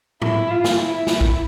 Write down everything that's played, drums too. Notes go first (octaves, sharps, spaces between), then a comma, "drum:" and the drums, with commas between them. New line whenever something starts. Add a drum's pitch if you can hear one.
E4, drum: tom G#2
F4
drum: snare
E4
drum: snare
drum: kick A#1